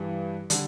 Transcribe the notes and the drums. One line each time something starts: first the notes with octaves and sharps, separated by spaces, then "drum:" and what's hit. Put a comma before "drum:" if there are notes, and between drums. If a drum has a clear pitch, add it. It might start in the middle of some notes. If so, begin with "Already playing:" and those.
Already playing: G2 E3 G3
D3 G3, drum: hi-hat